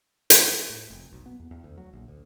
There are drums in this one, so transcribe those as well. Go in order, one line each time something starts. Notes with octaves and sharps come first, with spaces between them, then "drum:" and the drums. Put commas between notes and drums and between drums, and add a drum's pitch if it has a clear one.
drum: hi-hat
A2
F1
B1
B3
E2
E2
D2
F#3
A#1
D2